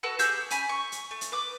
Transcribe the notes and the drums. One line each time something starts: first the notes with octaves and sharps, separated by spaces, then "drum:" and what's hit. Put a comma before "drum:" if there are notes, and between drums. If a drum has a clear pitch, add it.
F#4 A4 B4 E6
G4 G#4 E6 G6, drum: hi-hat
C#4 G#5 B5, drum: hi-hat
C#6
drum: hi-hat
A3
drum: hi-hat
B4 D6